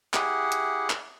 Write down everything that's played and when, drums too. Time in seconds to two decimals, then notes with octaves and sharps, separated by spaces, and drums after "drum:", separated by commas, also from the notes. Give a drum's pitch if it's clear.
0.14 E4 G4 G#4 F#5, drum: clap
0.52 drum: hi-hat
0.90 drum: clap